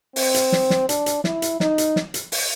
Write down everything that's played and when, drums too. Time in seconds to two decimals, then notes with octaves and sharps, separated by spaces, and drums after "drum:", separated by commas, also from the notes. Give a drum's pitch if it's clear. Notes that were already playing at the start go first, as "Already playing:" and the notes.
0.16 C4, drum: open hi-hat
0.34 drum: hi-hat
0.52 drum: snare
0.70 drum: snare
0.89 D4, drum: hi-hat
1.06 drum: hi-hat
1.24 E4, drum: snare
1.42 drum: hi-hat
1.60 D#4, drum: snare
1.78 drum: hi-hat
1.96 drum: snare
2.14 drum: hi-hat
2.32 drum: open hi-hat